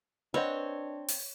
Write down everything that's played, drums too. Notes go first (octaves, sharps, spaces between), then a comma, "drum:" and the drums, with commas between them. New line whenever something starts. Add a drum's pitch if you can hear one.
C4 D4 B4 C#5 D#5 F#5
drum: open hi-hat